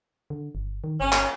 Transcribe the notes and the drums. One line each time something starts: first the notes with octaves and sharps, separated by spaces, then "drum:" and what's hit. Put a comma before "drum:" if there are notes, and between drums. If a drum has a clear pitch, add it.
D3
G1
D#3
G1 C#4
drum: clap